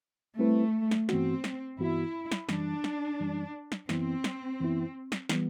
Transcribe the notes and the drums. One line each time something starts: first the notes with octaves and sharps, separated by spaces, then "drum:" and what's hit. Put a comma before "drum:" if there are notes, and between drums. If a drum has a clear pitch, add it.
G3 A3 C4 E4 B4
drum: snare
G2 E3 B3 C4 F#4, drum: snare
drum: snare
G2 E3 B3 E4 F#4
drum: snare
F#2 E3 G3 D4, drum: snare
drum: snare
F#2 E3 G3
drum: snare
F#2 E3 B3 C4 E4, drum: snare
drum: snare
F#2 E3 B3 E4
drum: snare
E3 G3 B3, drum: snare